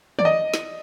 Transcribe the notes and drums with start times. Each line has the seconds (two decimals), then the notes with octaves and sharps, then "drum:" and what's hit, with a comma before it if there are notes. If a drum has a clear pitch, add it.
0.19 D5, drum: tom D#3
0.25 D#5
0.54 drum: snare